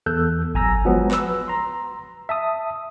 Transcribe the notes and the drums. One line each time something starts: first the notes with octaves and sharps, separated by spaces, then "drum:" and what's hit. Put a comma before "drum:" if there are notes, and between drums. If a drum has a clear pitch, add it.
E2 A4 E6 F#6 G6
B1 G#5 A#5 E6 A#6, drum: kick G1
F3 F#3 G#3 B3
B4 E6, drum: clap
A#5 C6
E5 A5 D#6